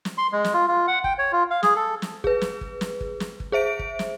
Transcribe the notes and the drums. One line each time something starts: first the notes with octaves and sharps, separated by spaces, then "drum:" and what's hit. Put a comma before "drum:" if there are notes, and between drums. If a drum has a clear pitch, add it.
drum: snare
C6
G#3
drum: snare
F4
F4
F#5
G5, drum: kick
C#5
F4
F5
G#4, drum: snare
A4
drum: snare
G#4 B4, drum: kick
drum: snare
drum: kick
drum: snare
drum: kick
drum: snare
drum: kick
G#4 C5 E5 D7
drum: kick
drum: snare